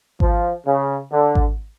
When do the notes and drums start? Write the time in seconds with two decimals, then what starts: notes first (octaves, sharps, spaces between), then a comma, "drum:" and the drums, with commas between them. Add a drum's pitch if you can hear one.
0.20 F3, drum: kick G#1
0.65 C#3
1.12 D3
1.35 drum: kick G#1